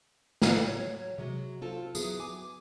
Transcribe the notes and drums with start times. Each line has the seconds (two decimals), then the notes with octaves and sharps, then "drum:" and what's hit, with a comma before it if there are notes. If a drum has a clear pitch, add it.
0.42 drum: snare
0.68 F#3 C#5
1.18 C3 F#3 G#3
1.61 C4 F4 A4
1.95 F#3 B3 E4 G#4, drum: tambourine
2.20 G#5 D6